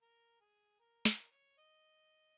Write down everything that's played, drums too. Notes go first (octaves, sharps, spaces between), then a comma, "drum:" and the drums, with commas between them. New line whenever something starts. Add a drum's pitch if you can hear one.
A#4
G#4
A#4
A#4, drum: snare
C#5
D#5